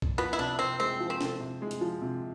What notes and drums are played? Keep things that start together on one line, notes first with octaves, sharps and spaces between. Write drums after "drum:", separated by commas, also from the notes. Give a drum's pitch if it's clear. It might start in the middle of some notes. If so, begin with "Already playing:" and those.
drum: kick B1
F3 B3
E4
C3 D4
C3 C4
G#3 C4
F3
C4
C3, drum: snare
C3
G#3
drum: hi-hat
F3
C3